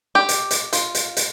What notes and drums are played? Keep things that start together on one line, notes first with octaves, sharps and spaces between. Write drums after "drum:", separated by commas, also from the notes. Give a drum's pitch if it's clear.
G4
drum: hi-hat
drum: hi-hat
F4, drum: hi-hat
drum: hi-hat
drum: hi-hat